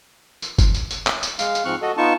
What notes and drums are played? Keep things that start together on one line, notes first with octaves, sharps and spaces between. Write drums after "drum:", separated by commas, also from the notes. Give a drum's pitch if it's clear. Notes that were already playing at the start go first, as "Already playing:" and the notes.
drum: tambourine
drum: kick F#1, tambourine
drum: tambourine
drum: tambourine
drum: clap
drum: tambourine
G#3 F5, drum: tambourine
drum: tambourine
G#2 F3 C4 C#6 F6 F#6
F#4 A4 D#5
B3 D#4 F4 A5 C#6